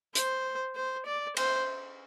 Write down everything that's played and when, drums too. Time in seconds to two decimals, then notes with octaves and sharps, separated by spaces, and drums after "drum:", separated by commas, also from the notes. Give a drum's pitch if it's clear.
0.15 C5, drum: hi-hat
0.76 C5
1.06 D5
1.37 C5, drum: cymbal